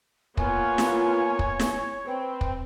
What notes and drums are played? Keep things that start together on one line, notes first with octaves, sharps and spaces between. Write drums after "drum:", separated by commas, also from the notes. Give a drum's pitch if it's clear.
A#3 B3 F4 C#5 G#5, drum: kick
drum: snare
drum: kick
drum: snare
C4 B4 G5
drum: kick